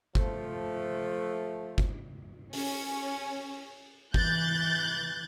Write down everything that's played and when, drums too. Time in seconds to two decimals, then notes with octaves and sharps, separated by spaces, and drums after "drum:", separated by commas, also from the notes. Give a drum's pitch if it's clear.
0.15 F3 A3, drum: kick G1
1.78 drum: kick G1
2.53 C#4, drum: open hi-hat
4.14 E3 F#6 G6 A6, drum: kick G1